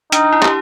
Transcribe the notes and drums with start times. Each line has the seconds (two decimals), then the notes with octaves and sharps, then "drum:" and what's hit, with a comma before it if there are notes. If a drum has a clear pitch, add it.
0.12 D4 D#4, drum: hi-hat
0.32 E4
0.43 G4, drum: clap